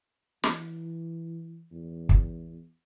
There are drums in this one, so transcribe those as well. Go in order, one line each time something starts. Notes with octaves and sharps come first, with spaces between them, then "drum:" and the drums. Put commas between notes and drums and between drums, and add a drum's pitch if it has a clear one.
E3, drum: snare
E2
drum: kick